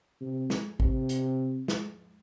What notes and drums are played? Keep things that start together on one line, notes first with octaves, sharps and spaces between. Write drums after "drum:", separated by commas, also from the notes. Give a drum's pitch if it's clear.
C3
drum: snare
C3, drum: kick G#1
drum: hi-hat
drum: snare